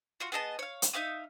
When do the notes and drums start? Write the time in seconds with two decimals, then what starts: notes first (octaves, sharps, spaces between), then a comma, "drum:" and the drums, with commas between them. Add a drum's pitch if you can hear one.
0.20 F4 F#4
0.32 B3 G#4 D#5 A5
0.59 C#5 F5
0.82 drum: hi-hat
0.93 D#4 E5 F5 D#6